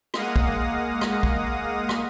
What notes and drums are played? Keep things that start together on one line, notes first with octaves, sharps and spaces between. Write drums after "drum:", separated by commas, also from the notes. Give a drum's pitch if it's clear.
G#3 A#3 F5 F#5 D#6 A#6, drum: rim click
drum: kick
drum: rim click
drum: kick
drum: rim click